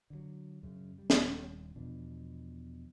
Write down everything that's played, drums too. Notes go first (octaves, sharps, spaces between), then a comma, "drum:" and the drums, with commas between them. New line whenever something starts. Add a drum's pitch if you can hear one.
D3 D#3 F#3
F#2 C#3
G3
D#1 G2 C3, drum: snare
E2 B2 F3 D4